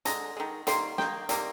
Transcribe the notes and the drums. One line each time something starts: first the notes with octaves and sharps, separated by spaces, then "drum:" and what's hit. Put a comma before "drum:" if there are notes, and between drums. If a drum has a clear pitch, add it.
D3 G#3 A#5, drum: hi-hat
D#3 G#3
D#3 G3 A#3 C6, drum: hi-hat
D#3 A#3 G5, drum: snare
C3 D#3 G3 A#3, drum: hi-hat